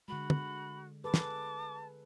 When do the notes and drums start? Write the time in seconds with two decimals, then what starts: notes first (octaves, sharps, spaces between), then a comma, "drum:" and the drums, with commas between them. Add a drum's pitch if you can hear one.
0.08 D3 G#3 F#4 B5
0.30 drum: tom
1.04 G#4 A4 B4 A5 D6
1.14 drum: snare